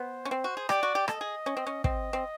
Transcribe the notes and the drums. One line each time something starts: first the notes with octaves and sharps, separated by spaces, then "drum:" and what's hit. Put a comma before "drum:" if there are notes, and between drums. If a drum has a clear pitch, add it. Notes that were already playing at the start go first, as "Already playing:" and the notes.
Already playing: B3 C5
C#4
C4
F#4
G#4
G4 D5, drum: rim click
F#4
G4
A4 D#5, drum: rim click
G#4
C#4
C4
C#4
C4 D#5, drum: kick
C4